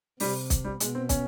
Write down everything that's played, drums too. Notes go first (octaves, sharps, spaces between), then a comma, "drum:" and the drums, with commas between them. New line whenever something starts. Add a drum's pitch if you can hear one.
C3 G3, drum: open hi-hat
drum: kick, hi-hat
G3
B2 G#3, drum: hi-hat
C4
C#4, drum: kick, hi-hat